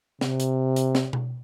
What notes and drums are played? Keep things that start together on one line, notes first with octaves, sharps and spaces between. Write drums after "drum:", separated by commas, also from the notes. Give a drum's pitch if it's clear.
C3, drum: snare
drum: hi-hat
drum: hi-hat
drum: snare
drum: tom B2